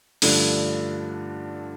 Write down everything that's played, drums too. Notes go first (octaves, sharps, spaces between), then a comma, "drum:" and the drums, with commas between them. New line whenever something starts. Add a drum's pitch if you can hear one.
G2 D3 F3 A3 D4, drum: open hi-hat